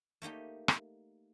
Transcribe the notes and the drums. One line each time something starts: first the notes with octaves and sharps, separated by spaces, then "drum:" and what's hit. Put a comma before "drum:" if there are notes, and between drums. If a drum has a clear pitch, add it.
A3 A#3 D#4 G4
drum: rim click